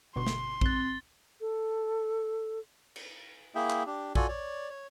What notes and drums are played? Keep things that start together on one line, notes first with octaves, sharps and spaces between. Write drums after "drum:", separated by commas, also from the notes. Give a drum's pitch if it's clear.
G1 B2 C6 C#6
drum: snare
G#1 C4 F#6 A6 G7, drum: kick A#1
A4
drum: cymbal
A#3 E4 G#4 E5 G5
drum: clap
D4 G4
F4 F#4 A4 D5 G#5, drum: kick A#1
C#5 D5
C#5